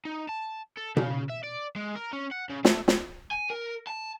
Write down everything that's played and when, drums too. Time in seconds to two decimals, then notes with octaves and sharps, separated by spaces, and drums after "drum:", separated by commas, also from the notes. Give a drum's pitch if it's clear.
0.05 D#4
0.29 A5
0.77 A4
0.97 C#3, drum: tom B2
1.30 E5
1.43 D5
1.76 G#3
1.96 A#4
2.13 C#4
2.32 F#5
2.50 C#3
2.65 A3, drum: snare
2.88 drum: snare
3.31 G#5
3.50 A#4
3.87 A5